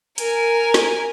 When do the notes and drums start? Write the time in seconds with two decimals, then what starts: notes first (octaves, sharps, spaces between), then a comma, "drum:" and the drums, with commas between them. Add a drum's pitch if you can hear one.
0.18 A#4 G#5, drum: hi-hat
0.74 drum: snare